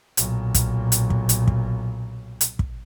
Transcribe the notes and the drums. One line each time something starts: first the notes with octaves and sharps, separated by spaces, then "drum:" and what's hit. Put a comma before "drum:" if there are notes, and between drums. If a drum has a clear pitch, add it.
B1 A#2, drum: hi-hat
drum: kick, hi-hat
drum: hi-hat
drum: kick
drum: hi-hat
drum: kick
drum: hi-hat
drum: kick